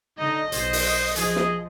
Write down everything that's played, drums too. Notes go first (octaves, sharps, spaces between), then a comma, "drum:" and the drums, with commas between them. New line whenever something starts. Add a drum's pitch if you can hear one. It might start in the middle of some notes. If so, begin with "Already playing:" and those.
D3 D#4 D#5
B1 C5, drum: hi-hat
drum: open hi-hat
F3 G#4, drum: hi-hat
drum: snare